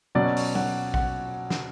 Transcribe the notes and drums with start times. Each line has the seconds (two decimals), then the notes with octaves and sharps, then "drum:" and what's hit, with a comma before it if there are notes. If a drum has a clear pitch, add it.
0.15 B2 F#3 C#4 D5
0.37 drum: open hi-hat
0.55 F#5, drum: tom F#3
0.94 F#5, drum: kick A#1
1.50 drum: snare